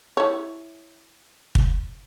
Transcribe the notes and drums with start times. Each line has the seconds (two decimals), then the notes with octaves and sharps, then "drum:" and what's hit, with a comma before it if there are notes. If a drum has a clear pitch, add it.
0.17 E4 C#5
1.55 drum: kick